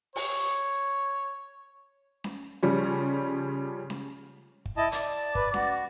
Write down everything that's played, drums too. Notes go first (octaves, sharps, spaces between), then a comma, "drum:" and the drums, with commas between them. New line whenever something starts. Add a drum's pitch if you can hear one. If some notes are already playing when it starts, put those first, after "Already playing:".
C#5, drum: open hi-hat
drum: snare C#4
C#3 F3 G3 C#4
drum: snare C#4
drum: kick
E4 D#5 A5
D5 A5, drum: hi-hat
B4, drum: kick
F#4, drum: snare C#4